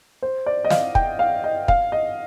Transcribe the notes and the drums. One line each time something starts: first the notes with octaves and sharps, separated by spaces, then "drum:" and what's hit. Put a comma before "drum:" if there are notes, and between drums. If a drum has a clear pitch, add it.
C5
D5
D#5
F5, drum: snare
G5, drum: kick
F5
D#5
F5, drum: kick
D#5